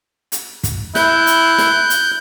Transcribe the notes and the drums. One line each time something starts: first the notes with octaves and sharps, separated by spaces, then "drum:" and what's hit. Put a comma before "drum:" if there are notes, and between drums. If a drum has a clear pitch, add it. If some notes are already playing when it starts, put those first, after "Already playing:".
drum: hi-hat
drum: kick, hi-hat
E4 F#6 G6, drum: snare
drum: hi-hat
drum: snare
drum: hi-hat